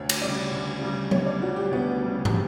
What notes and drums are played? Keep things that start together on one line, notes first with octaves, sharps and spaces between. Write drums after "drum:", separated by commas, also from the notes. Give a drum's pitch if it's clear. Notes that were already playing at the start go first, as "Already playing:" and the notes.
Already playing: D2 C#5
drum: cymbal
C#3 G3 D5
D2
C#3 G3
D2 C#5, drum: tom F#3
D5
C#3 G3 F#4
G4
D2 B3
C#3 G3
drum: tom